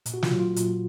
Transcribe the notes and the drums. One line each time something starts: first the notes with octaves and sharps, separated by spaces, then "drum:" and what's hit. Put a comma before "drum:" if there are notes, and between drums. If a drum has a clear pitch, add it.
A#2, drum: hi-hat
F#4
F4, drum: snare
F#3
F4
A#2, drum: hi-hat